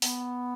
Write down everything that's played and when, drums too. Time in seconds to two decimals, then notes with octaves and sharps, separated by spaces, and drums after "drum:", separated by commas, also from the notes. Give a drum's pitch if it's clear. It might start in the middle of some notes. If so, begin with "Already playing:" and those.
0.02 B3, drum: open hi-hat